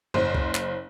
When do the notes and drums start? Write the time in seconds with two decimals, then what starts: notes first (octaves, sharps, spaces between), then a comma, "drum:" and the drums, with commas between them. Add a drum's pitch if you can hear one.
0.14 F#1 C5, drum: tom G#2
0.35 drum: kick C#2
0.55 drum: clap